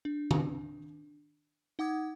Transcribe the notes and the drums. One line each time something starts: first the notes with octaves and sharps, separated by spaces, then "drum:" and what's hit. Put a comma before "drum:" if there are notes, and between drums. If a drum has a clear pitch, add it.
D4
drum: tom D#3
D#4 F#5 D6 D#6 G#6